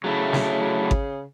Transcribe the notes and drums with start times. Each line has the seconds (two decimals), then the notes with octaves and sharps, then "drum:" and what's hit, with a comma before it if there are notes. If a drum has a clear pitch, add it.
0.04 C#3 F#3 A3 E4
0.33 drum: snare
0.91 drum: kick G#1